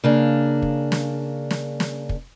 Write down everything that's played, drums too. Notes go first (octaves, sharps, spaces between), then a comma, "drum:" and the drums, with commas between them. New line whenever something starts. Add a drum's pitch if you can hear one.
C#3 A#3 D4
drum: kick
drum: snare
drum: snare
drum: snare
drum: kick